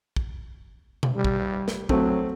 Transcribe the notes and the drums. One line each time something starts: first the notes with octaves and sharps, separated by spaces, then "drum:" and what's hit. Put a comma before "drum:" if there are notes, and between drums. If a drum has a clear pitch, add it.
drum: kick
drum: tom B2
G3
drum: kick
drum: snare
F#3 A3 C4, drum: kick